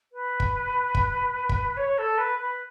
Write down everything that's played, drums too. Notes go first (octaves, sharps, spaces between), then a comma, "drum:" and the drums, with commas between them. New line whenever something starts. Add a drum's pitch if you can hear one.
B4
drum: kick
drum: kick
drum: kick
C#5
A4
B4
B4